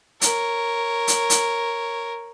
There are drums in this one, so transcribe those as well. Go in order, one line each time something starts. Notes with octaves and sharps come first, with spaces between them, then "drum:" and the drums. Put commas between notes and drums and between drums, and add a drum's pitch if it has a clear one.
A#4 C#5, drum: hi-hat
drum: hi-hat
drum: hi-hat